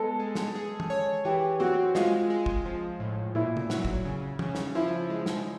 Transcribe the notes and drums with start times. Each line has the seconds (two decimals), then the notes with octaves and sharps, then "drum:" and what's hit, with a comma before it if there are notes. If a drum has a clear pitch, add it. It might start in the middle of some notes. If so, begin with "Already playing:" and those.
Already playing: G#3 B3 A4
0.20 G#3
0.35 drum: snare
0.55 G#4
0.80 drum: tom
0.90 C#5
1.25 E3 G4
1.60 C4 F#4
1.95 G#3 F4, drum: snare
2.30 G#3
2.46 drum: kick
2.65 F3
3.00 A2
3.35 A#2 E4
3.57 drum: tom
3.70 F#3, drum: snare
3.85 drum: kick
4.05 C#3
4.39 C#3, drum: tom
4.55 drum: snare
4.75 F3 E4
5.10 G#3
5.26 drum: snare